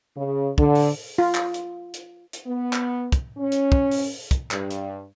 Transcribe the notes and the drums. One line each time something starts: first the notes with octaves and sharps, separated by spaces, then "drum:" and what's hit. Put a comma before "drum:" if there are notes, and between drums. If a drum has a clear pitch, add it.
C#3
D3, drum: kick
drum: open hi-hat
F4
drum: clap
drum: hi-hat
drum: hi-hat
drum: hi-hat
B3
drum: clap
drum: kick, hi-hat
C#4
drum: hi-hat
drum: kick
drum: open hi-hat
drum: kick, hi-hat
G2, drum: clap
drum: hi-hat